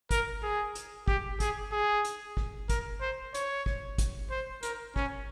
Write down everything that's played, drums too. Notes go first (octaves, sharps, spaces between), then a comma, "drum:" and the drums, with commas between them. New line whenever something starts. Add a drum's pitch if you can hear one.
A#4, drum: kick, hi-hat
G#4
drum: hi-hat
G4, drum: kick
G#4, drum: kick, hi-hat
G#4
drum: hi-hat
drum: kick
A#4, drum: kick, hi-hat
C5
C#5, drum: hi-hat
drum: kick
drum: kick, hi-hat
C5
A#4, drum: hi-hat
C#4, drum: kick